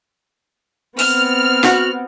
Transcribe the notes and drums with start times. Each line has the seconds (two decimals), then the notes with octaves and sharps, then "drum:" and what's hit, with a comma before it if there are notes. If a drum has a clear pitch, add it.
0.99 B3 C4 F6, drum: open hi-hat
1.64 F#4, drum: snare